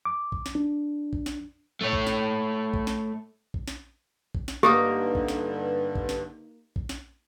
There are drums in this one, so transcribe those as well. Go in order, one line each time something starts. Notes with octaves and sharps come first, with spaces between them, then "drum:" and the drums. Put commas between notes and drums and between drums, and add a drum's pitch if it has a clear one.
D6
drum: kick A#1
drum: snare
D4
drum: kick A#1
drum: snare
A3 C#5
drum: kick A#1
drum: snare
drum: kick A#1
drum: snare
drum: kick A#1
drum: snare
drum: kick A#1
drum: snare
G2 D3 A#3 D#4 G4 A#4
drum: kick A#1
drum: snare
drum: kick A#1
drum: snare
drum: kick A#1
drum: snare